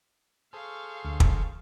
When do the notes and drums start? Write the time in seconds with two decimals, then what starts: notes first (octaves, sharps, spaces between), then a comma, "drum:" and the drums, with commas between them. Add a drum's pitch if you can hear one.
0.53 G#4 A4 C5 F5 C#6
1.04 D2
1.20 drum: kick